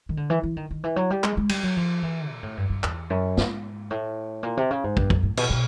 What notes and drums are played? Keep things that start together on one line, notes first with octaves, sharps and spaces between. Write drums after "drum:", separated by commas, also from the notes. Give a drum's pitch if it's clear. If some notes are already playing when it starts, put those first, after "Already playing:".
D#3
D3
E3
E3
D#3
D#3
E3
F#3
G3
G#3, drum: clap
G#3
G3, drum: cymbal
F#3
F3
E3
A#2
A2
G2
G2
E2, drum: clap
F#2
G#2, drum: snare
A2
A#2
C3
C#3
G#2
G2, drum: kick
F#2, drum: kick
A2
B2, drum: cymbal
B2